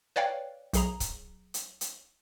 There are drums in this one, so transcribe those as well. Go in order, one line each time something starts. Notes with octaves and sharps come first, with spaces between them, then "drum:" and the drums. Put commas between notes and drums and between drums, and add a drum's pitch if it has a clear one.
B4 C#5 D5 F5 G5
B1 G#4 A#5, drum: hi-hat
drum: kick C#1, hi-hat
drum: hi-hat
drum: hi-hat